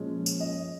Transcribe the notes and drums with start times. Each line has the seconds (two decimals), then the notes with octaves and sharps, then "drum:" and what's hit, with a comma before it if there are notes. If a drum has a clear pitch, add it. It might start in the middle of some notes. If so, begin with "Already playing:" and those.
Already playing: A#2 F3 G#3 C#4
0.26 drum: tambourine
0.40 D#5